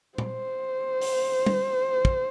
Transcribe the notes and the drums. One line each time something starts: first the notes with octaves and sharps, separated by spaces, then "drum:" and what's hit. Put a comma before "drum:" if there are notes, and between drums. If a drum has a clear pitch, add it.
C5, drum: tom
drum: open hi-hat
drum: tom
drum: kick